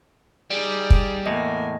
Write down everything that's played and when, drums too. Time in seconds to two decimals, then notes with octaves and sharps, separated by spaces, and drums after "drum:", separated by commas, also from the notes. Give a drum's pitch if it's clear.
0.51 G3 D#4 G#4
0.90 drum: kick
1.26 E2 A2 A#3 D#5 G#5